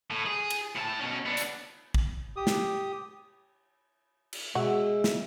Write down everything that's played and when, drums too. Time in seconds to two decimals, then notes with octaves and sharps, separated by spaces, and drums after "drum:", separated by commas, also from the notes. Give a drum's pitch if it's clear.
0.10 A2
0.26 G#4
0.50 drum: cymbal
0.75 A2 A5
0.99 B2 C#4
1.26 B3 D4
1.37 drum: hi-hat
1.94 drum: kick A#1
2.36 G4 D#6
2.47 drum: snare
4.33 drum: cymbal
4.55 B2 G#3 F#4 E5 E6
5.04 drum: snare